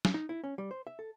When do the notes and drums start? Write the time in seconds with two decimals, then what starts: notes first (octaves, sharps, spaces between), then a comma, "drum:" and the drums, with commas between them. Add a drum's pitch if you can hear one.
0.05 drum: snare
0.14 D#4
0.29 E4
0.44 C#4
0.58 G3
0.71 C5
0.87 E5
0.99 A4